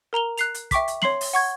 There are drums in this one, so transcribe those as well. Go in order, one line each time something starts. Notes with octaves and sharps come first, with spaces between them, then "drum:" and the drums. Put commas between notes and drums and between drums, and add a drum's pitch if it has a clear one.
A#4 A#5 F7 G7
F#6 C7 F7, drum: hi-hat
drum: hi-hat
E5 G5 C#6 D6 B6, drum: kick, hi-hat
drum: hi-hat
C#5 C6 C7 F#7, drum: snare
drum: open hi-hat
F#5 C#6 G#6